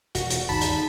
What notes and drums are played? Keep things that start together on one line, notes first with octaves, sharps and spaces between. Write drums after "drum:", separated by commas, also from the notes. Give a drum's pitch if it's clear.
E1 F#4, drum: hi-hat
drum: hi-hat
G1 D#2 D#4 A5 B5 B6
drum: hi-hat